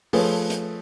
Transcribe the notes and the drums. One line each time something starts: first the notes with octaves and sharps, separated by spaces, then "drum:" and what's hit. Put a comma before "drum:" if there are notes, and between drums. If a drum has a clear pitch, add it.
F3 A3 G#4 B4 C#5, drum: open hi-hat
drum: hi-hat